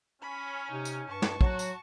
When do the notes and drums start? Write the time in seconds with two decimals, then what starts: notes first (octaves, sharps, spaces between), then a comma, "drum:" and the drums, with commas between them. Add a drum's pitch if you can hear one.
0.22 C#4 B5
0.71 C3 D#4
0.85 drum: tambourine
1.09 G2 A5 C#6
1.22 drum: snare
1.41 F#3 F#4, drum: kick
1.59 drum: tambourine